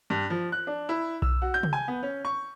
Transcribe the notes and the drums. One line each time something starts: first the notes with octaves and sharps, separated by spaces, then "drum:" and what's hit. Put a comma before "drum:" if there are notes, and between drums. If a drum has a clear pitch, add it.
G2
F3
F#6
D4
E4
E6, drum: kick B1
F#4
G6
drum: tom
G#5
B3
C#4
C#6